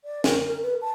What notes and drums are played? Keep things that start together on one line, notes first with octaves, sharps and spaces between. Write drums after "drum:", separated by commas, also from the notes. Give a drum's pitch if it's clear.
D5
A#4, drum: snare
A#4
B4
A5